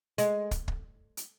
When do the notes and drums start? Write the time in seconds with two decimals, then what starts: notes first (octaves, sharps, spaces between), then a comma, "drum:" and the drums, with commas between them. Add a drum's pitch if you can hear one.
0.18 G#3, drum: hi-hat
0.51 drum: kick, hi-hat
0.68 drum: kick
1.17 drum: hi-hat